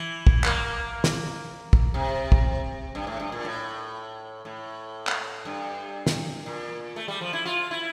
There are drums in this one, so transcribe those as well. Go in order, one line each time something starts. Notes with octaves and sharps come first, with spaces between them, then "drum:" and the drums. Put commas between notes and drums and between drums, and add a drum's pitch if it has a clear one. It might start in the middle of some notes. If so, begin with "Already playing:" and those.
Already playing: E3
drum: kick
A#3, drum: clap
drum: snare
drum: kick
C3
drum: kick
G2
A2
G2
A#2
A2
A2
drum: clap
G2
drum: snare
A#2
A3
G3
F3
E4
F4
E4